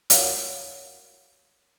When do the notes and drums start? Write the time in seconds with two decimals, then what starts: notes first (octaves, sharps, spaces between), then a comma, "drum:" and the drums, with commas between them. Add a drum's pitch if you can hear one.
0.10 F#4 A#4 C#5 F5 F#5, drum: hi-hat